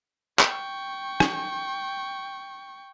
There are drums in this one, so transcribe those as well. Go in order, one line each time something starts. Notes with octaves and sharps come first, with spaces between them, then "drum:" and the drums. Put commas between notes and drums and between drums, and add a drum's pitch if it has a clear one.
G5 C#6, drum: clap
drum: rim click